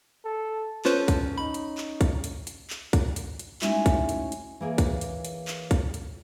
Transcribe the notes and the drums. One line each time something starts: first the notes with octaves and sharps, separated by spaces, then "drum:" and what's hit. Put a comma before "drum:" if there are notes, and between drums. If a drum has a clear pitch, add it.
A4
C#4 F4 A4 B4 C5, drum: clap
drum: kick, hi-hat
D#4 B5
drum: hi-hat
drum: clap
drum: kick, hi-hat
drum: hi-hat
drum: hi-hat
drum: clap
drum: kick, hi-hat
drum: hi-hat
drum: hi-hat
G#3 A3 C#4 D#4 E4 F#4, drum: clap
drum: kick, hi-hat
drum: hi-hat
drum: hi-hat
E3 A#3 G#4 C#5
drum: kick, hi-hat
drum: hi-hat
drum: hi-hat
drum: clap
drum: kick, hi-hat
drum: hi-hat